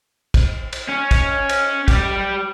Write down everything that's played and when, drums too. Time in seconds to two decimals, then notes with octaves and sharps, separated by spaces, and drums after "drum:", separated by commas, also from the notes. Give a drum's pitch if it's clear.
0.34 drum: kick, cymbal
0.73 drum: cymbal
0.89 C#4
1.11 drum: kick, cymbal
1.49 drum: cymbal
1.88 G3 G4, drum: kick, cymbal